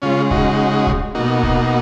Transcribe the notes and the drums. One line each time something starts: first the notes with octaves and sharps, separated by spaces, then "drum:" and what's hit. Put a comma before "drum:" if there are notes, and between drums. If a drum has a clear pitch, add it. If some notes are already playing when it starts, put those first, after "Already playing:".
C#3 G#3 C#4 F4
D#4 F#4, drum: kick C#1
drum: kick C#1
B2 A#3 D#4 F#4
drum: kick C#1